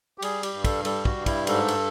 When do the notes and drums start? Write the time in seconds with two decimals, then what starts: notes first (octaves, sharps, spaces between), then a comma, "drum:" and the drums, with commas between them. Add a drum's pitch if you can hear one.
0.18 G4
0.22 G3 G#4, drum: cymbal
0.43 G4, drum: cymbal
0.54 G2
0.64 A4, drum: kick, cymbal
0.85 G3 A4, drum: cymbal
1.05 F#4, drum: kick
1.17 G2
1.26 E4, drum: kick, cymbal
1.47 G#2 A4, drum: cymbal
1.68 drum: cymbal